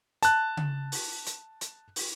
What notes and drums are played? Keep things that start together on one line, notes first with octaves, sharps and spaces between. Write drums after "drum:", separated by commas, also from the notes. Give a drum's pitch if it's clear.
A5 F#6, drum: hi-hat
drum: tom C#3
drum: open hi-hat
drum: hi-hat
drum: hi-hat
drum: open hi-hat